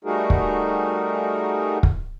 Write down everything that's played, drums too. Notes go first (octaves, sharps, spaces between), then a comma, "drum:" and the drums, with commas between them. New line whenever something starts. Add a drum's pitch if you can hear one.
G3 A3 D#4 F#4 G#4 A#4
drum: kick
drum: kick